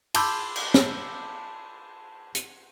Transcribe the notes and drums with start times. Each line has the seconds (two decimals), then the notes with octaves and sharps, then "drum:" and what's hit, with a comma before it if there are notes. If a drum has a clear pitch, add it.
0.14 A5 B5 C6 D6 E6 G6, drum: cymbal
0.56 drum: cymbal
0.74 drum: snare
2.35 drum: hi-hat